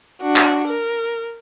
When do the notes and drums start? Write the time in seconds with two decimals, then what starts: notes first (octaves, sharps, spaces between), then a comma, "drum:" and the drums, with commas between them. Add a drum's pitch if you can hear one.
0.21 D4 F#4
0.36 drum: clap
0.68 A#4